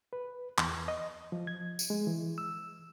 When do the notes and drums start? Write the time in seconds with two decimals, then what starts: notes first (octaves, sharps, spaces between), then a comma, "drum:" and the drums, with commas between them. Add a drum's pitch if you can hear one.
0.13 B4
0.58 E2, drum: clap
0.88 D#5
1.32 F3
1.47 G#6
1.79 drum: tambourine
1.90 G#3
2.07 E3
2.38 E6